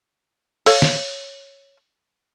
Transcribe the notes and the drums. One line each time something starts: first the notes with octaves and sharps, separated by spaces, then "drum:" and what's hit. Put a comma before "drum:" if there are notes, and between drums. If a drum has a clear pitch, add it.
A4 C#5 F5, drum: open hi-hat
drum: snare